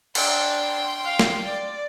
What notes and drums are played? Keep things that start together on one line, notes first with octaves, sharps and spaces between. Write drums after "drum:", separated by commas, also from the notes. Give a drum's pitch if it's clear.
D4 G5 C6, drum: cymbal
F5
drum: snare
D5